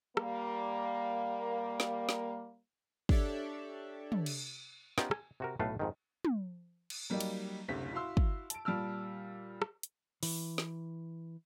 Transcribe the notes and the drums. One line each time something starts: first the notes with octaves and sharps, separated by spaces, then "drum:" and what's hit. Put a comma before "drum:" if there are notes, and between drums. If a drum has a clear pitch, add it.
G3 A#3, drum: rim click
drum: snare
drum: snare
D4 G4 A4 C#5 D5 E5, drum: kick
drum: tom
drum: cymbal
B3 C#4 D#4 F4 G4 B4, drum: snare
G#5, drum: rim click
C3 F#4 A#4
B1 A2 A3 A4 B4 F5
F2 G#2 D#3
drum: tom
drum: cymbal
F#3 G3 A#3 D#4 G4
drum: cymbal
F#1 D2 C3 B6
E4 F#4 F5 C6 E6
drum: kick
A5 D7, drum: hi-hat
A#2 G3 A5 E6 F6
drum: rim click
drum: hi-hat
E3, drum: open hi-hat
drum: snare